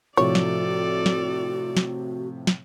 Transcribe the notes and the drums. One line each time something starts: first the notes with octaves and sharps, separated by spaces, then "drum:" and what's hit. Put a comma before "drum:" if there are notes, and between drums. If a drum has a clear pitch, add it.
A2 C3 F3 F#4 A4 C#5 D5
drum: snare
drum: snare
drum: snare
drum: snare